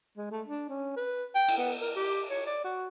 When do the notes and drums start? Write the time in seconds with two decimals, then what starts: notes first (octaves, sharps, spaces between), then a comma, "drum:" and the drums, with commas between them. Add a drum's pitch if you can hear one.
0.17 G#3
0.31 A3
0.47 D4
0.69 C#4
0.96 B4
1.35 G5
1.49 drum: cymbal
1.58 B3
1.81 A#4
1.96 G4
2.30 C#5
2.46 D5
2.64 F#4